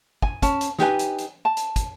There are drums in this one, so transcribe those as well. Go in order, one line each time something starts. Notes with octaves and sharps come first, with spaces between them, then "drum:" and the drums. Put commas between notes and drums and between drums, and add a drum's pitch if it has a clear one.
G#5, drum: kick
C#4 A5, drum: kick, hi-hat
drum: hi-hat
D#4 G4 B4 G#5, drum: snare
drum: hi-hat
drum: hi-hat
A5
drum: hi-hat
drum: kick, hi-hat